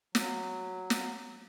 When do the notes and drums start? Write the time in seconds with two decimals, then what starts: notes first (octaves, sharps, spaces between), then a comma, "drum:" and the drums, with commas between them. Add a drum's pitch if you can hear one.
0.15 F#3, drum: snare
0.90 drum: snare